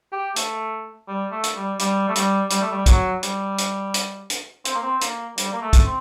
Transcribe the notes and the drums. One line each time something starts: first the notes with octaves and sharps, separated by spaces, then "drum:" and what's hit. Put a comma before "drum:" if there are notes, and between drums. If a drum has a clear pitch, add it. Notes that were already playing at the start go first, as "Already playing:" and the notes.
G4
A3, drum: hi-hat
G3
A3
drum: hi-hat
G3
G3, drum: hi-hat
A3
G3, drum: hi-hat
G3, drum: hi-hat
A3
G3
F#3, drum: kick B1, hi-hat
G3, drum: hi-hat
drum: hi-hat
drum: hi-hat
drum: hi-hat
C4, drum: hi-hat
A#3
C4
A#3, drum: hi-hat
G3, drum: hi-hat
A#3
A3
drum: kick B1, hi-hat
C4